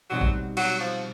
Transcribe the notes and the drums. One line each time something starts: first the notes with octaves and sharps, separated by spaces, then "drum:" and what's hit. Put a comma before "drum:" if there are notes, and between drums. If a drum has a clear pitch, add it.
B2 F#3 G3 C4 D#4 F#4
drum: kick A1
F#3, drum: cymbal
F3